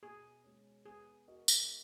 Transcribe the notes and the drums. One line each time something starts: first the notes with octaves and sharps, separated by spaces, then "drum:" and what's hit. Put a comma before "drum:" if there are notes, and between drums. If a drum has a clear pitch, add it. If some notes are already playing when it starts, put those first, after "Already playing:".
B2 G#4
G#3 C#4
B3 G#4
F#4 A#4 D#5
drum: tambourine